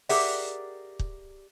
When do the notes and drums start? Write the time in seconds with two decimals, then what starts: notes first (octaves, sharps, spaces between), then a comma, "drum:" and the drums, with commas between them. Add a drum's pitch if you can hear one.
0.09 G4 G#4 A#4 D5 E5 F#5, drum: open hi-hat
0.99 drum: kick